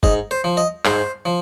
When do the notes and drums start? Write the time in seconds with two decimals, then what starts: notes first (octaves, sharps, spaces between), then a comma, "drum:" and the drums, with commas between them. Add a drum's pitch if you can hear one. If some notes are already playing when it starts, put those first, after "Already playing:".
0.03 G#2 D#5, drum: kick
0.31 C5
0.44 F3
0.57 D#5
0.85 G#2 C5, drum: clap
1.25 F3